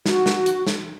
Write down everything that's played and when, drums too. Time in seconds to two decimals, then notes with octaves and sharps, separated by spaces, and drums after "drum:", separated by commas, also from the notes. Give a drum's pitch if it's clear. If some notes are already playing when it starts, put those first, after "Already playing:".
0.06 F#4, drum: snare
0.26 drum: snare
0.46 drum: hi-hat
0.67 drum: snare